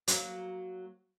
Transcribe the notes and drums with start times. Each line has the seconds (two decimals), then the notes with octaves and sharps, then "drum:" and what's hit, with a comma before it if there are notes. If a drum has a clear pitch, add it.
0.08 F#3 A#3, drum: hi-hat